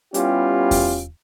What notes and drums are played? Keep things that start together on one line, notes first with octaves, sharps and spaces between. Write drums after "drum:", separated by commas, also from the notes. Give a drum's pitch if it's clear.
G3 B3 C#4 E4 F4 G4, drum: hi-hat
drum: kick E2, open hi-hat